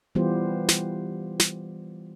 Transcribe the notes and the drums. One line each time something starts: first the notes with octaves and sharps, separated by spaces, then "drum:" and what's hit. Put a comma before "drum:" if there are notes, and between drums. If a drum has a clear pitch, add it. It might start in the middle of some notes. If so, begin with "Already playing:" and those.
E3 G3 B3 F4 G4 C5
drum: snare
drum: snare